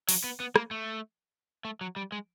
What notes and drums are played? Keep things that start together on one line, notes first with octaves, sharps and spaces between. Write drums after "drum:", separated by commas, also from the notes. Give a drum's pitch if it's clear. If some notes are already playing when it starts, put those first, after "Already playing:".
F#3, drum: open hi-hat
B3
B3
A#3, drum: rim click
A3
A3
F#3
G3
G#3